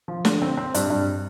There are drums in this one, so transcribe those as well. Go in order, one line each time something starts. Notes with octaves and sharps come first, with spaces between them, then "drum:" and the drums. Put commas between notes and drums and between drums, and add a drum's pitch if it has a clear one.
F3
D3, drum: snare
C4
C4
G2, drum: hi-hat
G2